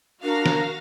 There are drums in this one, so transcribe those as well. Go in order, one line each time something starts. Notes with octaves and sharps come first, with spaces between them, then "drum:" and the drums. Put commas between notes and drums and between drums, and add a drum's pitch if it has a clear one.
D4 F#4 A#4 F5 A#6
drum: snare